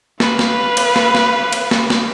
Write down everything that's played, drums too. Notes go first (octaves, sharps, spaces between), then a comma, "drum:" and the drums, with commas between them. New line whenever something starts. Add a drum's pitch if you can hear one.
B4 F5, drum: snare
drum: snare
drum: cymbal
drum: snare
drum: snare
drum: cymbal
drum: snare
drum: snare